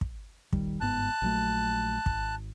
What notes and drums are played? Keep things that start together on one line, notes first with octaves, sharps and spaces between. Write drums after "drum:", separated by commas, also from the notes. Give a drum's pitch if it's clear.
drum: kick
D#1 D#3 G3, drum: kick
G1 G#2 B3 A5 F#6
A#1 F#3 A3
G#1, drum: kick